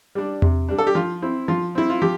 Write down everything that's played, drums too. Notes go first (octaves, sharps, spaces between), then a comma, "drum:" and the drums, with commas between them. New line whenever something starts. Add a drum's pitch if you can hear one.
G3 D4
C3, drum: tom E2
G3 D4
A4
G4
F3 F4
C4 E4
F3 F4
C4 E4
F4
F3 G4